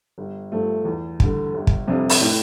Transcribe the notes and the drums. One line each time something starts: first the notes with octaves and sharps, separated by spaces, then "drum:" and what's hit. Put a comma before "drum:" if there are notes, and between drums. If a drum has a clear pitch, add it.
G1
G2 F3 A3
E2
D3 G3, drum: kick
G1
drum: kick
F2 C3 G3 D4
drum: open hi-hat
A2